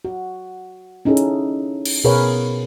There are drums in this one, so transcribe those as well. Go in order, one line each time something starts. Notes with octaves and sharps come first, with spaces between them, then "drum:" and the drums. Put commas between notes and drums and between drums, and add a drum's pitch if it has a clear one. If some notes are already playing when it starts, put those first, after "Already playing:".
F#4
C#4 D#4 E4 G#4 A4
drum: hi-hat
drum: cymbal
B2 G#4 A#4 B4 C#5 F5